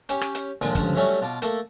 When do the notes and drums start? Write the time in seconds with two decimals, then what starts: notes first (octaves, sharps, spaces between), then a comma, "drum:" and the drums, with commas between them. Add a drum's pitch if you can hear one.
0.09 C#4 G4, drum: hi-hat
0.21 drum: rim click
0.35 drum: hi-hat
0.61 D#2 A#2 D3 F3 G#3, drum: open hi-hat
0.75 C#2 G2 D3 F3, drum: kick, hi-hat
0.95 E3 F#3 G3 A3 C#4 E4
1.21 B2 F4 A5 D6
1.42 A3 A#3 A4, drum: hi-hat